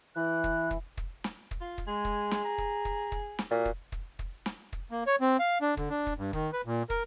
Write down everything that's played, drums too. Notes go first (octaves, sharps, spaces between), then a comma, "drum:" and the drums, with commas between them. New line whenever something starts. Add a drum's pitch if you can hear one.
E3 F#6
drum: kick
drum: kick
drum: kick
drum: snare
drum: kick
F4
drum: kick
G#3 G#4
drum: kick
drum: snare
A#5
drum: kick
drum: kick
drum: kick
drum: snare
A#2 F#4
drum: kick
drum: kick
drum: kick
drum: snare
drum: kick
A#3
C#5
C4
F5
D4
D3, drum: kick
D4
drum: kick
G2
D#3, drum: kick
B4
A#2
A#4, drum: kick